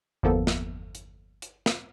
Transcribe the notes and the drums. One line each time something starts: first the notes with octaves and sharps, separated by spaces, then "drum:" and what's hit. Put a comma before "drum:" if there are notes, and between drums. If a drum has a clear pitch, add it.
G1 E2 F3 A#3 B3 A4
drum: snare
drum: hi-hat
drum: hi-hat
drum: snare